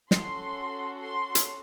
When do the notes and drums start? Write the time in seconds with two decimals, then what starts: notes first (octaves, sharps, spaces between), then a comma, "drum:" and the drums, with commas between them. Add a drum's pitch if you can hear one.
0.11 C#4 F#4 A4 C6, drum: snare
0.99 C6
1.35 drum: hi-hat